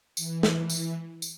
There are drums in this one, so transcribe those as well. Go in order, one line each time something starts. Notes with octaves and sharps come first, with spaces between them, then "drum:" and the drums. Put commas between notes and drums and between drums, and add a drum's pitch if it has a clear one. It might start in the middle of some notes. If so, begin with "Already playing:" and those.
E3, drum: tambourine
drum: snare
drum: tambourine
drum: tambourine